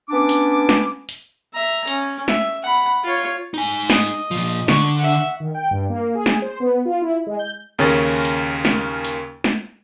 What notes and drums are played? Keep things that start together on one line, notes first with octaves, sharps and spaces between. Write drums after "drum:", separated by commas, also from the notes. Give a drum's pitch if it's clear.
B3 C#4 D4 D6
drum: hi-hat
drum: snare
drum: hi-hat
E5 A#5
C#4, drum: hi-hat
E5, drum: snare
F#5 B5
F4 C#5
D#4 G#5
D#5, drum: snare
A#2 F3
D3 C#6, drum: snare
E5 F#5
D#3
G5
G2
A#3
G#4
drum: snare
C5
B3
F4
E4
G#3
G6
D#2 C#3 C#4 A#4 A6
drum: hi-hat
drum: snare
drum: hi-hat
drum: snare